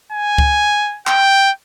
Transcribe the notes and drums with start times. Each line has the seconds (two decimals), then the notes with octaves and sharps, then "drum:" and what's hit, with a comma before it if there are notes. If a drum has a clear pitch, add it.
0.12 G#5
0.38 drum: kick C#2
1.07 G5, drum: clap